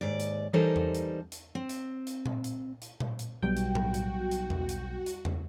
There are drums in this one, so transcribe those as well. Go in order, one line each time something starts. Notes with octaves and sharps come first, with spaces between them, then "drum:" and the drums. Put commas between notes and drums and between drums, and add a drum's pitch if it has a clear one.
D#2 G#2 D5
drum: hi-hat
E3 G3 D#4 A4 A#4 C5
drum: tom E2
drum: hi-hat
drum: hi-hat
C4
drum: hi-hat
drum: hi-hat
drum: tom A#2
drum: hi-hat
drum: hi-hat
drum: tom A#2
drum: hi-hat
B1 F#3 G3 B3 F#4 G5
drum: hi-hat
drum: tom A2
drum: hi-hat
drum: hi-hat
drum: tom E2
drum: hi-hat
drum: hi-hat
drum: tom E2